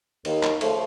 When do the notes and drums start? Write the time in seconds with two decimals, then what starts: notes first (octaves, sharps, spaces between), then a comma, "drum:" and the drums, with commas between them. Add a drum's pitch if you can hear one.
0.25 D#2, drum: cymbal
0.43 drum: clap
0.61 C#3 F3 A3, drum: cymbal